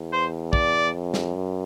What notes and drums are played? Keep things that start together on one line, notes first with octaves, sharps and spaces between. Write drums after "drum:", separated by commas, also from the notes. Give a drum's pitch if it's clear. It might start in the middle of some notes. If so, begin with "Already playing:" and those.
Already playing: E2
C5
D5, drum: kick
F2
drum: snare
F#2